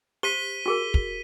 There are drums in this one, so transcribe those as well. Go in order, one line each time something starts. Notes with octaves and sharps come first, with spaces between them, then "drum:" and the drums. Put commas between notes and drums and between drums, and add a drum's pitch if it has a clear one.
G4 C5 B6 D#7 G7
F#4 G#4 A#4
drum: kick